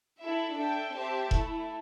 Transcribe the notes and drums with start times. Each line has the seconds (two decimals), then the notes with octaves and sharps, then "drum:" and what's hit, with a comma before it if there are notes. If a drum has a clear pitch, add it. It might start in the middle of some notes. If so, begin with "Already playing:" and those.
0.20 E4 A4 E5
0.57 D4 A4 E5 G5
0.94 C4 G4 C5 E5 A5
1.31 A3 E4 A4, drum: kick E1